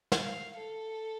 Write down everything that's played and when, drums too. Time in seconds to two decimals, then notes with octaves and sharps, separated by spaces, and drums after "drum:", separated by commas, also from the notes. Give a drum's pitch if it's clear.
0.12 drum: snare
0.24 F5
0.58 A4